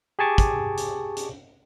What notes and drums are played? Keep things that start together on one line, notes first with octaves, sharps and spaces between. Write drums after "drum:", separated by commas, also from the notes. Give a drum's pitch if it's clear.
G4 G#4 G#5 A5 C#6 D6
drum: kick, hi-hat
drum: hi-hat
drum: hi-hat